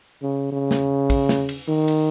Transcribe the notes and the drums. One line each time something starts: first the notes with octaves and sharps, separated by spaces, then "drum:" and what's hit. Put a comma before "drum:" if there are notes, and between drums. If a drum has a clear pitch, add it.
C#3
C#3
drum: snare
drum: kick, cymbal
drum: snare
drum: cymbal
D#3
drum: cymbal